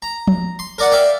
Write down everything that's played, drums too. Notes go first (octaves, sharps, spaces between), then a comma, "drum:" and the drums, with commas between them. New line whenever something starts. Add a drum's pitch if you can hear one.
A#5
drum: tom F3
C6
A#4 D5 F#5
D5 E5 F5 G5